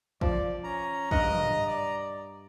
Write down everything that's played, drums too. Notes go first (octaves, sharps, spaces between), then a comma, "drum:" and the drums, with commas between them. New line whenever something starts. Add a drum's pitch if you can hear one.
F3 D5, drum: kick
C#4 A#5
G2 A#4 D#5 F#5, drum: kick
drum: tom
D5